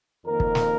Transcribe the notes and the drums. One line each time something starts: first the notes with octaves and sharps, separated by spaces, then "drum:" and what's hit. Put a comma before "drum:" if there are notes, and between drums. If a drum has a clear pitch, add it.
F2 D#3 A#3 A#4
drum: kick
drum: snare